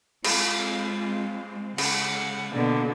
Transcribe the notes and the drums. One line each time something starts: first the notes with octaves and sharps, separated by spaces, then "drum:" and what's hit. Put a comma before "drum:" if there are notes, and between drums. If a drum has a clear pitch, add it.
G#3 C4 F4, drum: cymbal
C#3 G#3 F#5, drum: cymbal
B2 D3 A#3 B3 D4 F#4